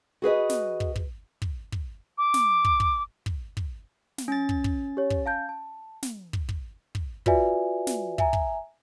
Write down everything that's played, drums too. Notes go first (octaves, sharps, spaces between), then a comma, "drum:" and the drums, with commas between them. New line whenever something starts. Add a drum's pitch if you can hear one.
F#4 G#4 B4 D#5
drum: snare
drum: kick
drum: kick
drum: kick
drum: kick
D6
drum: snare
drum: kick
drum: kick
drum: kick
drum: kick
drum: snare
C#4 A6
drum: kick
drum: kick
G4 C#5
drum: kick
F5 A5 G6
A5
drum: snare
drum: kick
drum: kick
drum: kick
F4 F#4 B4 D5 E5 G#5, drum: kick
drum: snare
E5 G#5 A#5, drum: kick
drum: kick